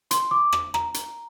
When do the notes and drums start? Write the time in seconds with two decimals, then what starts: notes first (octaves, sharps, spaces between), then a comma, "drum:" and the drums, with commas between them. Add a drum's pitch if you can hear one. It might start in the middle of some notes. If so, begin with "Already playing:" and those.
0.11 C6, drum: hi-hat
0.31 D6
0.52 drum: rim click
0.74 A#5, drum: rim click
0.94 drum: hi-hat